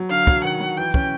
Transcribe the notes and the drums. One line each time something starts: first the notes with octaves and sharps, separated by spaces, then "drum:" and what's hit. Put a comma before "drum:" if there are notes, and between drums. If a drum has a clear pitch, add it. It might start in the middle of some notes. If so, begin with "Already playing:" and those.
Already playing: F#3
D3 F5
F#3, drum: kick
D#3 F#5
F#3
E3 G5
C#4, drum: kick